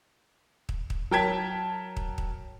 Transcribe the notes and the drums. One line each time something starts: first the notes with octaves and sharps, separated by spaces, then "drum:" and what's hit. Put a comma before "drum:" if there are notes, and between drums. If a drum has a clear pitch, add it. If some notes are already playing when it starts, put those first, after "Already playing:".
drum: kick
drum: kick
F#3 A#4 G5 A5 G#6 B6
drum: kick
drum: kick